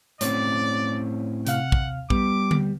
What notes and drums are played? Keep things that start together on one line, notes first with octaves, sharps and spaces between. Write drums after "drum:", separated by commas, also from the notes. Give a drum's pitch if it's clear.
A2 C4 C#4 C#5 D5, drum: hi-hat
C3 F5 F#5 F6, drum: hi-hat
drum: kick
G3 B3 D6, drum: kick
drum: tom D3